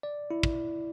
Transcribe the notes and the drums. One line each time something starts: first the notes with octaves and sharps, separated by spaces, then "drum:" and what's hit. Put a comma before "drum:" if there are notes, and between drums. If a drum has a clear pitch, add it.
D5
E4
drum: kick